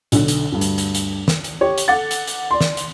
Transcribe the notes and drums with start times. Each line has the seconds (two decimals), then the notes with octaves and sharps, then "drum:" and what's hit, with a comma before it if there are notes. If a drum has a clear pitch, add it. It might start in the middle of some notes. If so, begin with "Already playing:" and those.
0.12 B1 D3, drum: hi-hat
0.28 drum: hi-hat
0.52 D2 G2
0.61 drum: hi-hat
0.78 drum: hi-hat
0.95 drum: hi-hat
1.28 drum: snare
1.44 drum: hi-hat
1.61 G4 C#5
1.78 drum: hi-hat
1.88 A4 F#5 D6 A6
2.11 drum: hi-hat
2.27 drum: hi-hat
2.51 D5 C6
2.61 drum: snare
2.77 drum: hi-hat